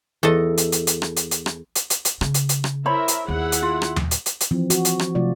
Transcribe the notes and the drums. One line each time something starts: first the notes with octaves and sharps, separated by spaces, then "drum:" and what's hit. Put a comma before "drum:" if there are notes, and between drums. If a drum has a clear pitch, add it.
E2 A4 D#5 A5
drum: hi-hat
drum: hi-hat
drum: hi-hat
drum: rim click
drum: hi-hat
drum: hi-hat
drum: rim click
drum: hi-hat
drum: hi-hat
drum: hi-hat
C#3, drum: rim click
drum: hi-hat
drum: hi-hat
drum: rim click
E4 A#4 C5 C#5 E5 B5
drum: hi-hat
D#2 E4 G#4 F#5
drum: hi-hat
F4
drum: rim click
drum: tom D#2
drum: hi-hat
drum: hi-hat
drum: hi-hat
E3 F3 C4
F#4, drum: hi-hat
drum: hi-hat
drum: rim click
C3 F3 F#3 A3 F4 D5